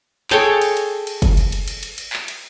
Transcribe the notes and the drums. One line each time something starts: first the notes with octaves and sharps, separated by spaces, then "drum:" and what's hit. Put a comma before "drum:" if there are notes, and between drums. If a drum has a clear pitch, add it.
G#4 A4 C#5 G5, drum: clap
drum: cymbal
drum: cymbal
drum: cymbal
drum: kick, cymbal
drum: cymbal
drum: cymbal
drum: cymbal
drum: cymbal
drum: cymbal
drum: clap
drum: cymbal